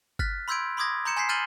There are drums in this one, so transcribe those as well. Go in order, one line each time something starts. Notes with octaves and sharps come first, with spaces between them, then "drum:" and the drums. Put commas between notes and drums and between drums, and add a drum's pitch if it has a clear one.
F6 F#6 A6 B6, drum: kick G1
B5 C6 E6 G6 G#6 D7
B5 C6 D6 D#6 G#6 A#6
A#5 C6 G6 C#7 E7
G#5 C6 G6 B6 C7
F6 G6 A6 D#7 F#7 G7